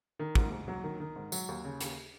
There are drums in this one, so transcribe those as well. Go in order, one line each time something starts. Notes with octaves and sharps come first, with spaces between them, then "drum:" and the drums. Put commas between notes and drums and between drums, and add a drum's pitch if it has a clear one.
D#3
G#2, drum: kick
G#2
F#3
D#3
D#3
G#2
F#3, drum: tambourine
D#2
C#3
D#2, drum: hi-hat